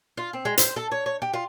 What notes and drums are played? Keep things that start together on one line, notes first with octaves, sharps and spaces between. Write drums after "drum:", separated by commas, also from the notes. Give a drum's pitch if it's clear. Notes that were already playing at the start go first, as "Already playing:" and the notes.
F4
C4
G#3
C5, drum: hi-hat
A4
C#5
C#5
G4
F4